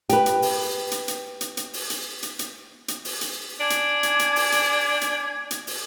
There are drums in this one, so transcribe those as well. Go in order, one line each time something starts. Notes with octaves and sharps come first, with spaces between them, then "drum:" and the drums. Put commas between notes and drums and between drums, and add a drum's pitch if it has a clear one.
G4 B4, drum: hi-hat
drum: hi-hat
drum: open hi-hat
drum: hi-hat
drum: hi-hat
drum: hi-hat
drum: hi-hat
drum: open hi-hat
drum: hi-hat
drum: hi-hat
drum: hi-hat
drum: hi-hat
drum: open hi-hat
drum: hi-hat
D4 G#5 D6 G#6
drum: hi-hat
drum: hi-hat
drum: hi-hat
drum: open hi-hat
drum: hi-hat
drum: hi-hat
drum: hi-hat
drum: open hi-hat